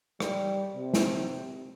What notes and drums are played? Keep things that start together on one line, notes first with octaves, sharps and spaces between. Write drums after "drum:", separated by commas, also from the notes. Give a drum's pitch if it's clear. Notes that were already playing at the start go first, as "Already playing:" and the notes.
G3, drum: rim click
C3
drum: snare